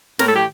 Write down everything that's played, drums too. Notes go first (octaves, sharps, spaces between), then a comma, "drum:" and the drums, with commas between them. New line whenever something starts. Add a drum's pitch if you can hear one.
A2 A#4, drum: snare
A4
G4